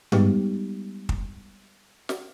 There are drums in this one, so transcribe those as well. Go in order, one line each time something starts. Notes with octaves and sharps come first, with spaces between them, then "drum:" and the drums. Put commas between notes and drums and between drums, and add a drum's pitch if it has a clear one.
G3 G#3 B3 D#4 G4, drum: tom G2
drum: kick
drum: snare